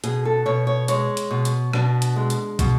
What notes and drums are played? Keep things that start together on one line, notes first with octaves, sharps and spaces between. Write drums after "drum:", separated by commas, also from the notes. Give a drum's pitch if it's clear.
B2 G#4, drum: hi-hat
A4
B2 C#5
C#5
G#3 C#5, drum: hi-hat
drum: hi-hat
B2
drum: hi-hat
B2 D4, drum: rim click
drum: hi-hat
G#3
drum: hi-hat
B2, drum: kick, hi-hat